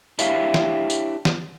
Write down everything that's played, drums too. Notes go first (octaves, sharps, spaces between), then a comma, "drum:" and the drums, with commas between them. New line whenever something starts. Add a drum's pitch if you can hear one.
D4 E4 G4 C#5 E5 F5, drum: tambourine
drum: snare
drum: tambourine
drum: snare